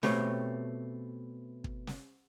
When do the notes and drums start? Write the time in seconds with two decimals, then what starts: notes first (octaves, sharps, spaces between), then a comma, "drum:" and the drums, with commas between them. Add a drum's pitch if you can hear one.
0.03 B2 A3 C4 G4 C#5, drum: snare
1.64 drum: kick
1.87 drum: snare